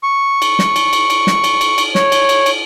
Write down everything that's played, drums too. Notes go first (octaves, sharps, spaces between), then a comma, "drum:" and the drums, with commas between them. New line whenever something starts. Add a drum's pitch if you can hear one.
C#6
drum: cymbal
drum: snare
drum: cymbal
drum: cymbal
drum: cymbal
drum: snare
drum: cymbal
drum: cymbal
drum: cymbal
C#5, drum: snare
drum: cymbal
drum: cymbal
drum: cymbal